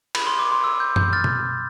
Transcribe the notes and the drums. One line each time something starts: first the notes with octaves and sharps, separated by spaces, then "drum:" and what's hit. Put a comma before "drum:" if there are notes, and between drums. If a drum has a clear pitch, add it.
B5, drum: cymbal
C6
D6
C6
E6
G6
G6, drum: tom F#2
F6 A6
drum: tom B2